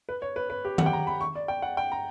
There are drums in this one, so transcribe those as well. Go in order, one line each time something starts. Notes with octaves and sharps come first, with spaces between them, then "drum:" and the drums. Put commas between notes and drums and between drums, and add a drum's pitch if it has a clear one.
B4
C#5
B4
B4
G4
F#5, drum: tom D#3
G5
A#5
B5
C#6
D5
G5
F#5
G5
A#5